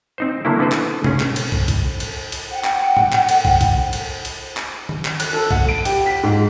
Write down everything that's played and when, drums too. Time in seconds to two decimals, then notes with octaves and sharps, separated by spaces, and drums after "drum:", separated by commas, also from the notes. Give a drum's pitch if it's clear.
0.18 C4 D#4 C5
0.45 D3 F#3 A#3 E4
0.59 D3 B3 E4 B4 C5
0.72 drum: clap
1.04 C#4 G#4, drum: tom B2
1.20 drum: clap
1.36 drum: cymbal
1.52 drum: kick
1.68 drum: kick, cymbal
2.00 drum: cymbal
2.32 drum: cymbal
2.51 F#5 G5
2.64 drum: clap
2.97 drum: tom A2
3.13 drum: clap
3.29 drum: cymbal
3.45 drum: kick
3.61 drum: kick, cymbal
3.93 drum: cymbal
4.25 drum: cymbal
4.57 drum: clap
4.89 drum: tom D#3
5.05 drum: clap
5.20 F#6, drum: cymbal
5.33 A4
5.51 F#5, drum: kick
5.69 D7
5.85 G4, drum: cymbal
6.06 B6
6.23 G#2